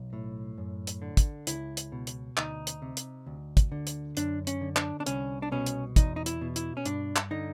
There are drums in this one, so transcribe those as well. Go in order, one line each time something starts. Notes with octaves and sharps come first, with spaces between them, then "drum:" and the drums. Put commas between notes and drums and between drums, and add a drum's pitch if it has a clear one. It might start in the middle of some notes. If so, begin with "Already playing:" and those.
Already playing: B1
A2
F#2
drum: hi-hat
D3
drum: kick, hi-hat
C#2 E4, drum: hi-hat
drum: hi-hat
B2
drum: hi-hat
D2 D#4, drum: clap
drum: hi-hat
C3
drum: hi-hat
D2
drum: kick, hi-hat
D3
drum: hi-hat
F#2 D4, drum: hi-hat
C#4, drum: hi-hat
D3
D4, drum: clap
D4
C2 C#4, drum: hi-hat
D4
B2 C#4
drum: hi-hat
E2 D#4, drum: kick, hi-hat
D#4
E4, drum: hi-hat
B2
E4, drum: hi-hat
C#4
G2 D4, drum: hi-hat
drum: clap
D3 D#4